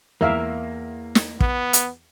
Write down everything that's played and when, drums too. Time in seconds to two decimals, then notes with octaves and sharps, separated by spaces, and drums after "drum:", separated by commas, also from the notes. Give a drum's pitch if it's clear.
0.21 E2 A#3 A#4 E5 F5
1.15 drum: snare
1.40 B3, drum: kick
1.73 drum: hi-hat